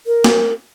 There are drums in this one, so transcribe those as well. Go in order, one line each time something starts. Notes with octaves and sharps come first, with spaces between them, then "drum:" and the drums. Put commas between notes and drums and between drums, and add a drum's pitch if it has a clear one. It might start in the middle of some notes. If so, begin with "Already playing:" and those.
A#4
drum: snare